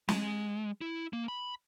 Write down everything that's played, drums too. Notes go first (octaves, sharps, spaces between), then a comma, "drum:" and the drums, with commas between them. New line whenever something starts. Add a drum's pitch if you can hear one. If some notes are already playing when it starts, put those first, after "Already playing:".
G#3, drum: snare
E4
A#3
B5